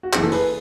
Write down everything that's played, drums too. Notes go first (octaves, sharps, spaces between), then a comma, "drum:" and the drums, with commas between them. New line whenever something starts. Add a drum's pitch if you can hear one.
F#4
F#1 F#2 E3 G#4, drum: clap
A4
G#4 B4, drum: open hi-hat